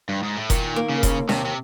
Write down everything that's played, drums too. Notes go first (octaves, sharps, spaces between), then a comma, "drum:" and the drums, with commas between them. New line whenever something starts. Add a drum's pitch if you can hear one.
G2
G#2
A2
A#2 D#3, drum: kick F1, hi-hat
A#3
C#3
D#2, drum: kick F1, hi-hat
D#2 C3, drum: snare
C3